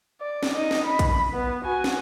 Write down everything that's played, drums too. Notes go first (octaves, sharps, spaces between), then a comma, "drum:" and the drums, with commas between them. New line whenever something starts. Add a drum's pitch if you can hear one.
D5
drum: snare
D#4 D#5
drum: snare
B5
drum: kick, hi-hat
B3
F#4 G#5
drum: snare